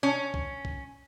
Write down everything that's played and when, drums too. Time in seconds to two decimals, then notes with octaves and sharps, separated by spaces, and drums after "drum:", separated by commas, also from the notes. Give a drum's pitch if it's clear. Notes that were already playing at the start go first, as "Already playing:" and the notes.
0.03 C#4
0.34 drum: kick
0.65 drum: kick